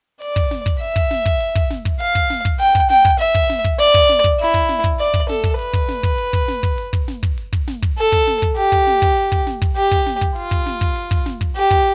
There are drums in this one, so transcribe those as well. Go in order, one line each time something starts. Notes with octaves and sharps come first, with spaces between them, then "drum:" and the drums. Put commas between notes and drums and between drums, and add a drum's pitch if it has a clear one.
D5, drum: hi-hat
drum: kick, hi-hat
drum: snare
drum: kick, hi-hat
E5
drum: kick, hi-hat
drum: snare
drum: kick, hi-hat
drum: hi-hat
drum: kick, hi-hat
drum: snare
drum: kick, hi-hat
F5, drum: hi-hat
drum: kick, hi-hat
drum: snare
drum: kick, hi-hat
G5, drum: hi-hat
drum: kick
G5, drum: snare
drum: kick, hi-hat
E5, drum: hi-hat
drum: kick, hi-hat
drum: snare
drum: kick, hi-hat
D5, drum: hi-hat
drum: kick, hi-hat
drum: snare
drum: kick, hi-hat
E4, drum: hi-hat
drum: kick, hi-hat
drum: snare
drum: kick, hi-hat
D5, drum: hi-hat
drum: kick, hi-hat
A4, drum: snare
drum: kick, hi-hat
B4, drum: hi-hat
drum: kick, hi-hat
drum: snare
drum: kick, hi-hat
drum: hi-hat
drum: kick, hi-hat
drum: snare
drum: kick, hi-hat
drum: hi-hat
drum: kick, hi-hat
drum: snare
drum: kick, hi-hat
drum: hi-hat
drum: kick, hi-hat
drum: snare
drum: kick
A4
drum: kick, hi-hat
drum: snare
drum: kick, hi-hat
G4, drum: hi-hat
drum: kick, hi-hat
drum: snare
drum: kick, hi-hat
drum: hi-hat
drum: kick, hi-hat
drum: snare
drum: kick, hi-hat
G4, drum: hi-hat
drum: kick, hi-hat
drum: snare
drum: kick, hi-hat
F4, drum: hi-hat
drum: kick, hi-hat
drum: snare
drum: kick, hi-hat
drum: hi-hat
drum: kick, hi-hat
drum: snare
drum: kick
G4, drum: hi-hat
drum: kick, hi-hat